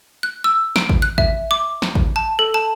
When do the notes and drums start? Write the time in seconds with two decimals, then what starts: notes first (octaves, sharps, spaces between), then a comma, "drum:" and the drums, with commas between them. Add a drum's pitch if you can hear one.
0.23 F#6
0.44 E6
0.76 D7, drum: snare
0.89 drum: kick G#1
1.02 F#6
1.18 E5, drum: kick G#1
1.51 D6
1.82 drum: snare
1.95 drum: kick G#1
2.16 A5
2.39 A4
2.54 A5